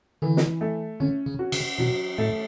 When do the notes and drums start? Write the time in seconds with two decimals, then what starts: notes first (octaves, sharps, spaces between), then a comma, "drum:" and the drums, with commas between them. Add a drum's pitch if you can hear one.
0.22 D3 E3
0.37 drum: snare
0.61 A3
1.00 D3 C#4
1.26 C#3
1.39 F#4
1.52 C#3, drum: cymbal
1.78 B2 F#3
2.18 A2 A3